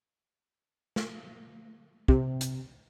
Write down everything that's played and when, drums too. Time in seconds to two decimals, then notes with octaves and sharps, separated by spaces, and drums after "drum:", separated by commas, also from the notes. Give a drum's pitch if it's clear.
0.96 drum: snare
2.08 C3, drum: kick
2.41 drum: hi-hat